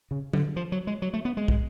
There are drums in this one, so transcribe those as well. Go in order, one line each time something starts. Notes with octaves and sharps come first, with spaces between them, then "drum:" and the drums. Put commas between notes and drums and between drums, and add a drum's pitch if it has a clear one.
C#3
D3, drum: tom
F3
F#3
G#3
F#3
A3
B3
G#3
drum: kick